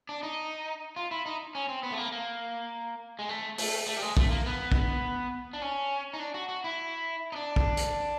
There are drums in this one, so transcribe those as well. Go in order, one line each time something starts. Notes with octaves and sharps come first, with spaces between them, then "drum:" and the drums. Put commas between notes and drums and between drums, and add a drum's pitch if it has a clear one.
D4
D#4
F4
E4
D#4
C#4
C4
B3
A3
A#3
A#3
G#3
A3
A3, drum: open hi-hat
A3
G3
G#3
A3, drum: kick
A#3
B3
drum: kick
D4
C#4
D#4
D4
F#4
F#4
E4
D#4
D4
drum: kick
drum: hi-hat